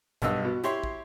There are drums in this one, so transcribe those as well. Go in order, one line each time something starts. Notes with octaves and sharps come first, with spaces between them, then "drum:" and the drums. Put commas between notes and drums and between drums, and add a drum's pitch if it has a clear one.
B1 G2 D#5 E6, drum: kick, hi-hat
B2
E4 G4 C#5 C6, drum: hi-hat
drum: kick